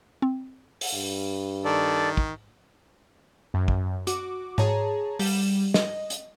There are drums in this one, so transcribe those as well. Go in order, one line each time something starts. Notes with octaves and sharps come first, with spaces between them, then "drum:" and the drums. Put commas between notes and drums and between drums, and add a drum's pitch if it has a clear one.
C4
drum: open hi-hat
G2
D#3 A4 D5
drum: kick
F#2
drum: kick
F#4 D6, drum: hi-hat
G#4 C#5 A5 A#5, drum: tom G#2
G3 E7, drum: open hi-hat
D#5, drum: snare
drum: hi-hat